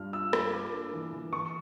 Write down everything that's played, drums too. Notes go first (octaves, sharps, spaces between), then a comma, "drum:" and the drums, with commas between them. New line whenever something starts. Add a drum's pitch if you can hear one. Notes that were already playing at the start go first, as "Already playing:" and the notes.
Already playing: G2 D4 F4 F6
F4 E6
F4, drum: rim click
A#3 D6
D4
E3
E3
E3 C#6